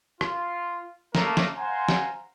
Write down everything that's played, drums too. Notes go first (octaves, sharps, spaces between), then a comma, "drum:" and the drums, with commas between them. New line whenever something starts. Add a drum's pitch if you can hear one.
F4, drum: rim click
A3 A#3 A#4, drum: snare
drum: snare
C5 F5 F#5 G#5 A#5 C6
drum: snare